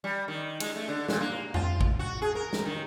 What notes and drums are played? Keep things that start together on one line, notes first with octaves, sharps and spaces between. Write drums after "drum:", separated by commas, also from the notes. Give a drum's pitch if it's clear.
G3
D#3
G#3, drum: cymbal
A3
D3
A#2, drum: snare
A#3
F4, drum: tom F2
drum: kick
F#4
G#4
A#4
drum: snare
D#3